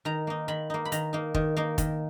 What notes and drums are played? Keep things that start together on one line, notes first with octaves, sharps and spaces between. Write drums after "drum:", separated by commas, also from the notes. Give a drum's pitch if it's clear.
D#3 A#5
A#3 D#4
D#3 B5
A#3 D#4
B5
D#3 A#5, drum: hi-hat
A#3 D#4
D#3, drum: kick
A#3 D#4
D#3, drum: kick, hi-hat